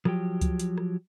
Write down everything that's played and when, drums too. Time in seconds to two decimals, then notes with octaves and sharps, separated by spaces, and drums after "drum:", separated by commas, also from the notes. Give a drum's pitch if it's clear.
0.05 F3 F#3 G4, drum: rim click
0.41 drum: kick C#2, hi-hat
0.60 drum: hi-hat
0.78 drum: rim click